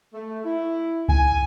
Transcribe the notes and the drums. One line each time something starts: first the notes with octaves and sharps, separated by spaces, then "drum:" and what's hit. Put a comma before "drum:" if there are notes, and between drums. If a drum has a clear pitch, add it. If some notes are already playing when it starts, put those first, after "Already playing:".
A3
E4
G#5, drum: kick C#2